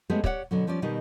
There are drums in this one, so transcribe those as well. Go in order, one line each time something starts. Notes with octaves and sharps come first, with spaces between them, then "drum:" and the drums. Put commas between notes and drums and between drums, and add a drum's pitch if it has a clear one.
G#3 A3 B3 C#4 G4 G#4
G4 C#5 D5 E5 F#5, drum: kick
B2 D3 F#3
F3 G3 C#4 D5
B2 D#3 G3 D#4 G4